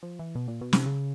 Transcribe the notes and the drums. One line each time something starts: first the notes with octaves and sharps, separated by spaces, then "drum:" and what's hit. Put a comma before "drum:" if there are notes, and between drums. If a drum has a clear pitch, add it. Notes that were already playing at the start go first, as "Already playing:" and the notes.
F3
E3
B2
A#2
B2
C3, drum: snare
C#3